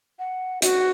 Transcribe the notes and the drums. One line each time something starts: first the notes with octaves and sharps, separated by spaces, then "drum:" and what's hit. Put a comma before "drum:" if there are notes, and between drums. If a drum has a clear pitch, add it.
F#5
F#4, drum: hi-hat